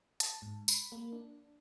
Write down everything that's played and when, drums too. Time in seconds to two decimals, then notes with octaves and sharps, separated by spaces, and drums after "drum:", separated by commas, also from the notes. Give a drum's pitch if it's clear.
0.20 A5, drum: hi-hat
0.42 G#2
0.68 B5, drum: tambourine
0.92 A#3
1.13 D4